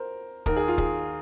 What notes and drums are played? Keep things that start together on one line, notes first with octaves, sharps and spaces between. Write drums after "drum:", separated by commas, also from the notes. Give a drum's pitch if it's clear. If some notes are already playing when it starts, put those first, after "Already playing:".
Already playing: A#4 C5
D#2 D#3 A#4, drum: kick
G#4
F4
G#4, drum: kick